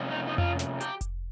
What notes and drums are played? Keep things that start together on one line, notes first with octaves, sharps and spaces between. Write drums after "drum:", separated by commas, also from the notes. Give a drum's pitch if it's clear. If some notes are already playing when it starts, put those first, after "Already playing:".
Already playing: F2 C3 C#4
D#4
D#4
F4, drum: tom F2
drum: snare
G4, drum: hi-hat
drum: kick F1, hi-hat